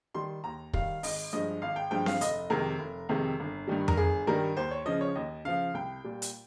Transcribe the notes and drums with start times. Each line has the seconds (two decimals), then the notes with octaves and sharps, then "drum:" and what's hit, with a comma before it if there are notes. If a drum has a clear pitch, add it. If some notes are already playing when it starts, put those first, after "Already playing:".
0.14 D#3 G3 C6
0.44 D#2 A#5
0.73 D#3 G3 F5, drum: kick
1.03 G#1 D#5, drum: open hi-hat
1.33 G2 F3 G#3 D#5
1.62 G#1 F5
1.76 G5
1.91 G2 F3 G#3 G5
2.06 F5, drum: snare C4
2.21 F1 D#5, drum: hi-hat
2.50 F2 C3 D#3 G#3 A#4
2.79 F1
3.09 F2 C3 D#3 G#3
3.39 G1
3.67 G2 D#3 G3
3.88 A#4, drum: tom F2
3.97 G1 G#4
4.27 G2 D#3 G3 A#4
4.57 D#2 C5
4.71 C#5
4.86 C#3 F3 D#5
5.01 C#5
5.16 D#2 D#5
5.45 C#3 F3 F5
5.74 C2 G5
6.04 A#2 G3
6.22 drum: hi-hat